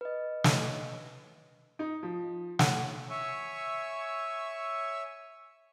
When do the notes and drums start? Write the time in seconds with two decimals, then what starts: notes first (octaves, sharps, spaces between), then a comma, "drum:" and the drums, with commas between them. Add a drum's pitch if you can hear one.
0.01 B4 D#5
0.44 drum: snare
1.79 D#4
2.03 F3
2.59 F#5, drum: snare
3.10 C#5 E5 G#5 C#6 E6